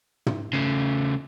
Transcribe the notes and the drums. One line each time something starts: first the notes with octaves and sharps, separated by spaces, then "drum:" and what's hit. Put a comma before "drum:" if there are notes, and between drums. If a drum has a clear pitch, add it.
drum: tom
C#3 A3